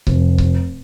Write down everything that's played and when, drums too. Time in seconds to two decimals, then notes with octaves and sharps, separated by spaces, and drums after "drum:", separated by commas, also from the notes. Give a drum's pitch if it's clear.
0.07 F1, drum: kick C#1
0.38 drum: kick C#1